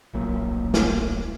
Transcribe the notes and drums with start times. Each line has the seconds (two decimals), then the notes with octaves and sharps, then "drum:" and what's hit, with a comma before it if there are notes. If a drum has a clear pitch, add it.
0.13 D1 A#1 F#3 A#3
0.74 drum: snare